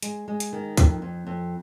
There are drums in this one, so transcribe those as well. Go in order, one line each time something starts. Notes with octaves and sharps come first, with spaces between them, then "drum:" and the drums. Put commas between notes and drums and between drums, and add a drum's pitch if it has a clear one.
G#3, drum: hi-hat
G#3
drum: hi-hat
D#3
F2, drum: kick C#2, hi-hat
F2
F2